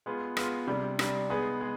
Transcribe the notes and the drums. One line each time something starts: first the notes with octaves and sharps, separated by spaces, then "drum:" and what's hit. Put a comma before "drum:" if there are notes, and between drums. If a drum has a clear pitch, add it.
G#3 B3 F4
G#3 B3 F4, drum: rim click
C3 G3 D4
C3 G3 D4, drum: rim click
G#3 B3 D#4 G#4
G#3